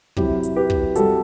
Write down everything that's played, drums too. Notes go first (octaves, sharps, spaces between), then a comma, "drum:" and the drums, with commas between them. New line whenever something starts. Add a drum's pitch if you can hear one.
C3 F#3 E4 G4, drum: kick
drum: hi-hat
G4 B4
drum: kick
C3 G3 F#4 A4, drum: hi-hat